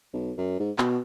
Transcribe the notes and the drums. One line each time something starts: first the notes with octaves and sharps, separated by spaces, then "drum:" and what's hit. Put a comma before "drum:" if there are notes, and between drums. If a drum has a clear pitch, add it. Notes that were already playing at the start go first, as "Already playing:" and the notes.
B1
F#2
G#2
B2, drum: clap